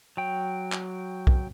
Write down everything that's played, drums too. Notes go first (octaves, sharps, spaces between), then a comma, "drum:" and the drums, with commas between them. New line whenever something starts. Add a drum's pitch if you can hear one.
F#3 G5
drum: clap
drum: kick B1